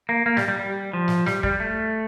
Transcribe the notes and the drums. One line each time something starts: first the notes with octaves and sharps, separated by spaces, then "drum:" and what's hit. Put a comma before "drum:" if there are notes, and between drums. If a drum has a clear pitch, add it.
A#3
A#3
G3, drum: snare
G3
G3
F3
drum: snare
G3, drum: snare
G3, drum: kick
A3